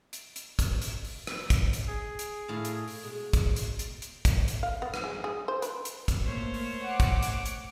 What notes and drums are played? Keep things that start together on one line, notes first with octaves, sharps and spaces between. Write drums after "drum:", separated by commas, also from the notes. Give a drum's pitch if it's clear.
drum: hi-hat
drum: hi-hat
drum: kick, hi-hat
drum: hi-hat
drum: open hi-hat
drum: rim click
drum: kick, hi-hat
drum: hi-hat
G#4
drum: hi-hat
A2 F5
drum: hi-hat
drum: open hi-hat
B2 G#3 G#4
drum: kick, hi-hat
drum: hi-hat
drum: hi-hat
drum: hi-hat
drum: kick, hi-hat
drum: hi-hat
F5
B3
drum: rim click
G#3
G#4
C5
B4, drum: hi-hat
drum: hi-hat
drum: kick, hi-hat
A3 A#3 C5 C#5
drum: open hi-hat
F#5 D6
drum: kick, hi-hat
drum: hi-hat
drum: hi-hat